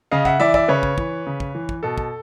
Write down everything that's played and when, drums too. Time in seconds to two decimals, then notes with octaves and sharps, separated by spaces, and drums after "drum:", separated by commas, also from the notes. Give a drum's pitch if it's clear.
0.11 C#3 D#5 F5
0.25 E5 F#5, drum: kick
0.40 E3 D5 E5
0.54 D5 E5, drum: kick
0.68 C#3 B4 C#5
0.83 drum: kick
0.98 E3, drum: kick
1.26 C#3
1.40 drum: kick
1.55 E3
1.69 drum: kick
1.83 B2 A4
1.98 drum: kick